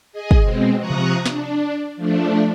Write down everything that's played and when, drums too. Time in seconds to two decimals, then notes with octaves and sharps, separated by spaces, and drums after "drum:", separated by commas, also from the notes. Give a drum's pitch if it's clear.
0.12 G#4 D#5 G#5
0.31 drum: kick
0.43 B2 G#3 C4
0.80 C3 F3 A#5 C#6 D#6 F#6
0.90 drum: tom C3
1.26 D4, drum: snare
1.96 F3 A3 D4